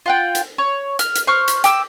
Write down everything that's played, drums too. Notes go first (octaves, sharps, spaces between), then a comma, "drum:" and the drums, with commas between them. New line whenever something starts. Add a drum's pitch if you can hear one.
F4 F#5 G5
drum: hi-hat
C#5
F6, drum: hi-hat
drum: hi-hat
C5 C#6 F6
drum: hi-hat
G5 D6 E6, drum: hi-hat